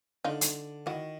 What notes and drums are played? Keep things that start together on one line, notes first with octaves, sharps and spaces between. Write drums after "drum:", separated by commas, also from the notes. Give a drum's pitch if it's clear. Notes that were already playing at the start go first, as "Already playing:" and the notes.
D3 D#4 F4
drum: hi-hat
D#3 E4 F#4